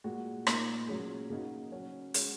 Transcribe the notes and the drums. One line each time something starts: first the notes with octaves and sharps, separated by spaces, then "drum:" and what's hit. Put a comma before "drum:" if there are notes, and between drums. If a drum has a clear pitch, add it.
A#2 G#3 F#4
A#2 A#3 D#4, drum: rim click
A#2 F#3 C#4 G#4
C#3 A#3 D#4 F#4
F#3 C#4 F#4
G#3 C#4 F#4, drum: hi-hat